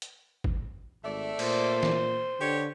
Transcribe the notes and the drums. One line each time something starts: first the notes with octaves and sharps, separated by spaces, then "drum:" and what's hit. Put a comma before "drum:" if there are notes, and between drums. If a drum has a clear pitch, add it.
drum: hi-hat
drum: kick
G#1 A3 D5 E5
A#2 C5, drum: cymbal
drum: snare
D3 G4 C#5